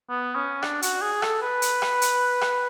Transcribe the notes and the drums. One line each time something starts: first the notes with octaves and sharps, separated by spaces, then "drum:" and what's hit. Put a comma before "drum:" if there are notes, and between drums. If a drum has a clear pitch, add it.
B3
C#4
D4, drum: rim click
F#4, drum: hi-hat
G#4
A4, drum: rim click
B4
drum: hi-hat
drum: rim click
drum: hi-hat
drum: rim click